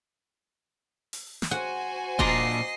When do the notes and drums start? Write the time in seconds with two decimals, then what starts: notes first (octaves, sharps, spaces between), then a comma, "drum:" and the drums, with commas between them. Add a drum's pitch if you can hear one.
1.13 drum: open hi-hat
1.42 drum: snare
1.51 F#4 C5 F#5 G#5
2.19 A#2 D4 D5 D#5 A#5 C6 C7, drum: kick E1